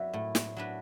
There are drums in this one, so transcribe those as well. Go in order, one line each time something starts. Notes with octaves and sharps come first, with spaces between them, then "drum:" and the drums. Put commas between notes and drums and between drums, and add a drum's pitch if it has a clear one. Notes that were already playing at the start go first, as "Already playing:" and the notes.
Already playing: F#3 B4 D5 E5
A2 E5
drum: snare
F#3 D4 B4